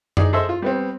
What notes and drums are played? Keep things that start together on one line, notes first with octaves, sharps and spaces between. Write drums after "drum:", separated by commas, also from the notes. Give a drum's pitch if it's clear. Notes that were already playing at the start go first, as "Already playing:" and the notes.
D#4 G#4 D5, drum: tom F#2
G#4 A4 C5 D#5 E5
F4
G3 B3 C4